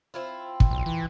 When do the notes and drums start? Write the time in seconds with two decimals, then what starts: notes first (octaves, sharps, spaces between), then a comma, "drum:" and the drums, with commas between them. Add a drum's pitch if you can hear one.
0.14 C4 E4 F4
0.60 drum: kick
0.71 B1
0.86 E3